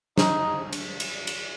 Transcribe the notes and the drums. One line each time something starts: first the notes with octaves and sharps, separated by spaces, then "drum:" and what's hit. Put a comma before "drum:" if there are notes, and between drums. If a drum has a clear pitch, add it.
D#4, drum: snare
drum: cymbal
drum: cymbal
drum: cymbal